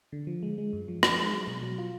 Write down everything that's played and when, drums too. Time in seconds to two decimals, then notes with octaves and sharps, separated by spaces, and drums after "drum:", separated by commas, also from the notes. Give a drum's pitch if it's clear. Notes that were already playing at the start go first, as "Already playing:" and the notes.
0.12 D3
0.27 F3
0.43 G#3
0.58 G#3
0.73 F#2
0.88 F3
1.03 F3, drum: rim click
1.17 G#3
1.33 F#3
1.47 B2
1.62 F#3
1.78 F4